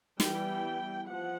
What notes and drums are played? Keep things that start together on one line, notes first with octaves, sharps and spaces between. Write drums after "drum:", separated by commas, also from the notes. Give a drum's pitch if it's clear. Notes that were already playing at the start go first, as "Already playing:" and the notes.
E3 G3 B3 G5, drum: snare
F3 F#5